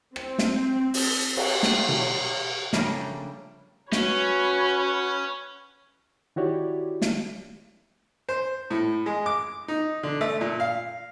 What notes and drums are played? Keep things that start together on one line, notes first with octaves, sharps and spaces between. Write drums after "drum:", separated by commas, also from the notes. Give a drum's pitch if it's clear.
C4, drum: rim click
drum: snare
drum: open hi-hat
drum: cymbal
drum: snare
drum: tom B2
C#3 F3 G3 A3 A#3 D4, drum: snare
C#4 F#4 B4 C#5, drum: snare
D#3 E4 F#4 G4 C#5 D5
drum: snare
C5
A2
G#3
D6
D#4
D3
A3
A#2
F5